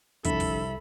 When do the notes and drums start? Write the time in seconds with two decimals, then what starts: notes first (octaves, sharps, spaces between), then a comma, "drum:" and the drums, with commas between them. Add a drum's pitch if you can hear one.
0.24 C2 F2 D3 A4 E5 B5, drum: kick, hi-hat
0.40 drum: kick, open hi-hat